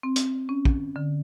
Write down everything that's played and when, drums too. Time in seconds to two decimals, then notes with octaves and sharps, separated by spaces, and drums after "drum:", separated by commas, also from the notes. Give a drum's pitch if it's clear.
0.03 C4
0.16 drum: hi-hat
0.49 C#4
0.65 drum: kick
0.96 D3